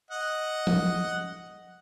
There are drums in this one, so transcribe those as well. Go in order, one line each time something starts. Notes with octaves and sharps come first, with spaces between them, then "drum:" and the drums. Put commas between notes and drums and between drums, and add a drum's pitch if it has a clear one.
D#5 F#5
drum: tom F3